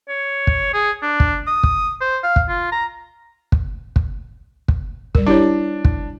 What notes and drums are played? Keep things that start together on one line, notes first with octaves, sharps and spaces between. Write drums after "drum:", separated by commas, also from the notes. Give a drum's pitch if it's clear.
C#5
drum: kick
G#4
D4
drum: kick
D#6
drum: kick
C5
F5
drum: kick
F4
A#5
drum: kick
drum: kick
drum: kick
G3 A#4, drum: kick
D4 E4 G4 C#5
drum: kick